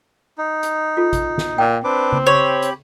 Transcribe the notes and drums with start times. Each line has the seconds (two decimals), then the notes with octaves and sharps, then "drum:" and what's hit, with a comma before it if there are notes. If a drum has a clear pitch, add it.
0.38 D#4
0.63 drum: hi-hat
0.97 F4 A4
1.13 drum: kick A1, hi-hat
1.38 drum: snare
1.58 A#2 G5
1.84 C4 D4 B4 D6
2.13 drum: tom C#3
2.26 G4 C#5 B5
2.62 drum: hi-hat